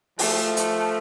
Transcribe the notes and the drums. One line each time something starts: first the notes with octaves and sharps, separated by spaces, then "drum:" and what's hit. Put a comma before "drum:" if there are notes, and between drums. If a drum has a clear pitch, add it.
F3 A3, drum: open hi-hat
drum: hi-hat